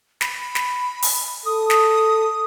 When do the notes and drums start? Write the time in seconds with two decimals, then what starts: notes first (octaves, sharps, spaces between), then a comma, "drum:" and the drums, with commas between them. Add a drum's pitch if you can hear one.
0.21 B5, drum: snare
0.55 drum: snare
1.02 drum: open hi-hat
1.46 A4 D#6
1.70 drum: snare